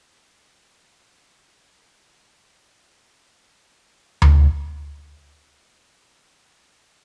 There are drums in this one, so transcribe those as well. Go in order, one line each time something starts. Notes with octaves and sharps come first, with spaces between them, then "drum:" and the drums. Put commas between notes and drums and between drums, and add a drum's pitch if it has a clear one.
D#5 F5 F#5 B5
F#4
E4 G4 A#5 B5
D#4 G4 E5 F5
G#4 D#5 G#5
C#4 G4 A#4
D#4 G#4 A4 C#5 G5 C6
drum: tom D2
A5
F#4